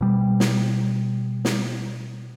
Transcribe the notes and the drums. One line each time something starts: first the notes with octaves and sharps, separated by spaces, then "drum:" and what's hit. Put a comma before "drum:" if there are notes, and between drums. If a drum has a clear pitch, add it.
B2 G3
drum: snare
drum: snare